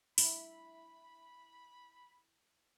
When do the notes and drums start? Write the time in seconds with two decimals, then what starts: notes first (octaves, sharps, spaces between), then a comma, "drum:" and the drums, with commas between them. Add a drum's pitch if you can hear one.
0.18 E4 B5, drum: open hi-hat